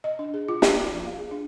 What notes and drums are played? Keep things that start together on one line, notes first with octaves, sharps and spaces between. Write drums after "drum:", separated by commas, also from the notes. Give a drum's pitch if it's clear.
D#5
D4
G#4
F4
G5, drum: snare
F4
F3
F5
G#4
D4